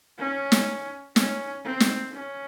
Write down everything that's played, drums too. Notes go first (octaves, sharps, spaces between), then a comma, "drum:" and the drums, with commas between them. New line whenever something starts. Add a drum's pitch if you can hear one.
C#4
drum: snare
C#4, drum: snare
C4
drum: snare
C#4